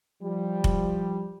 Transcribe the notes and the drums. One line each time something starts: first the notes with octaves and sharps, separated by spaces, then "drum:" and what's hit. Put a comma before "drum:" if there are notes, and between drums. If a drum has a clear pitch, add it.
F3 G3
drum: kick F1